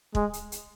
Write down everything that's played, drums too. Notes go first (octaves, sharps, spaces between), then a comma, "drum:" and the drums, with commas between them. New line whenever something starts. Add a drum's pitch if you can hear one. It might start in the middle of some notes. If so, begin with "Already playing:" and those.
G#3, drum: kick
drum: hi-hat
drum: hi-hat